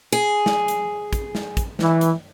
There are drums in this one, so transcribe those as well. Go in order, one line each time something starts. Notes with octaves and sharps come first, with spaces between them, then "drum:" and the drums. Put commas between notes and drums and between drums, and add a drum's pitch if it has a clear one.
G#4
drum: snare
drum: hi-hat
drum: kick, hi-hat
drum: snare
drum: kick, hi-hat
E3, drum: snare
drum: hi-hat